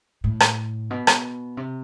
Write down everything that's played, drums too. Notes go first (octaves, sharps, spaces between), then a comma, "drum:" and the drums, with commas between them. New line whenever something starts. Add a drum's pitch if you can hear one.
A2
drum: rim click
B2
drum: rim click
C3